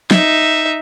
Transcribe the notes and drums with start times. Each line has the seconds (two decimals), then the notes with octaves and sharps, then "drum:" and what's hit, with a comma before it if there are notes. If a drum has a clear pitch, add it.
0.11 D#4 E5, drum: snare